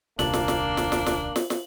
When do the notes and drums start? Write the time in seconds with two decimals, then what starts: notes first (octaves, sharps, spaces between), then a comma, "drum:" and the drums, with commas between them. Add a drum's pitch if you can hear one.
0.19 D#1 C2 A#3 D4 F#7, drum: snare
0.34 drum: snare
0.48 drum: snare
0.77 drum: snare
0.92 drum: snare
1.06 drum: snare
1.36 drum: snare
1.50 drum: snare